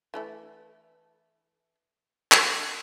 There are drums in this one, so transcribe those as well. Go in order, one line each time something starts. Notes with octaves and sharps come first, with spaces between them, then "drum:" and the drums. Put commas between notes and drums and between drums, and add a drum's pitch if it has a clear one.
E3 A3 E4
drum: clap